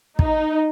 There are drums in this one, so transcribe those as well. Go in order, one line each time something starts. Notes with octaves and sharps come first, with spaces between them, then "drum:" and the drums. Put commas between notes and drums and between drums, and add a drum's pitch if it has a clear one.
D#4, drum: kick